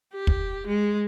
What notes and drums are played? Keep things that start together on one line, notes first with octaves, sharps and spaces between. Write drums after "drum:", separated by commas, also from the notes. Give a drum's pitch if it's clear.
G4
drum: kick
G#3